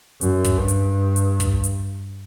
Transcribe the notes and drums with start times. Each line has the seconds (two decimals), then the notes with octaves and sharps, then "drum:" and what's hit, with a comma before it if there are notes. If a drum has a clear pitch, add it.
0.21 F#2, drum: hi-hat
0.45 drum: kick, hi-hat
0.57 G2
0.68 drum: hi-hat
1.16 drum: hi-hat
1.40 drum: kick, hi-hat
1.64 drum: hi-hat